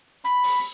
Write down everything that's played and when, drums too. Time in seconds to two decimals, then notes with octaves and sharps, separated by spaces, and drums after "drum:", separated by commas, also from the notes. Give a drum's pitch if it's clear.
0.25 B5, drum: hi-hat
0.43 drum: open hi-hat